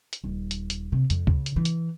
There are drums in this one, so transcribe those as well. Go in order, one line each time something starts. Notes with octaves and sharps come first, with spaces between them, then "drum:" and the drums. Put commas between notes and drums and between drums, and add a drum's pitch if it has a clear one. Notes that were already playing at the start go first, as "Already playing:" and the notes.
drum: hi-hat
D#1
drum: hi-hat
drum: hi-hat
C3
F2, drum: hi-hat
C#3, drum: kick
drum: hi-hat
E3
drum: hi-hat